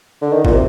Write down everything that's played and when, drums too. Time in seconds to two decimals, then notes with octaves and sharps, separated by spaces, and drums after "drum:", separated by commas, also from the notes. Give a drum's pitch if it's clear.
0.22 D3
0.33 D#3
0.45 A#2, drum: kick
0.53 C3